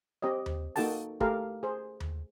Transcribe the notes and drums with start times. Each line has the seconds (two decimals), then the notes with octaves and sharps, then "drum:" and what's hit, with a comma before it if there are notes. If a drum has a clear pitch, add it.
0.22 C4 G4 C#5 D#5
0.46 drum: tom D#2
0.76 A#3 D#4 F#4 A4 G5 A5, drum: open hi-hat
1.21 A3 G4 A4 A#4 F5, drum: kick
1.63 G#4 C5
2.00 drum: tom D#2